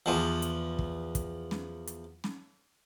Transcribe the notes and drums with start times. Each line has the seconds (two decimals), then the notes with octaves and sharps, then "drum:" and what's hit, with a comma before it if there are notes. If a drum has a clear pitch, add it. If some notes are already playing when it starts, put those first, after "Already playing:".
0.06 E2 F3
0.42 drum: hi-hat
0.79 drum: kick
1.15 drum: kick, hi-hat
1.51 drum: snare
1.87 drum: hi-hat
2.24 drum: snare